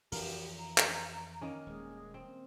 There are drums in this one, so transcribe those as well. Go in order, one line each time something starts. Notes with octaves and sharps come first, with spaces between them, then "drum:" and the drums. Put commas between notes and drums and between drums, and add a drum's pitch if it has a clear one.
F2 E3 D4 G4 A#4, drum: open hi-hat
A#5
drum: clap
D#3 A#3 C#4
D#1 G#3
C4